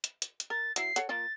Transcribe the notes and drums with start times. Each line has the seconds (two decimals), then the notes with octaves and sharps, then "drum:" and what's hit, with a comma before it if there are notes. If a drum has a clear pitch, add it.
0.04 drum: hi-hat
0.22 drum: hi-hat
0.40 drum: hi-hat
0.50 A#4 A6
0.76 F#3 E4 C7, drum: hi-hat
0.96 A4 C#5 F#5, drum: hi-hat
1.09 F3 A#3 F4 A6